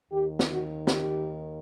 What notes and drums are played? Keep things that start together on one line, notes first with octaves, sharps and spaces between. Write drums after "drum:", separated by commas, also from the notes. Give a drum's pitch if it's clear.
D#2 D#3 G4
drum: snare
F#4
G4, drum: snare